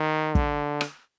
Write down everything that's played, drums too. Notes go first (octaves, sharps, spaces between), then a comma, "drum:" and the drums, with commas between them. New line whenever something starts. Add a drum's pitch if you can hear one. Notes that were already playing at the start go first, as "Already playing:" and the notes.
Already playing: D#3
D3, drum: kick
drum: rim click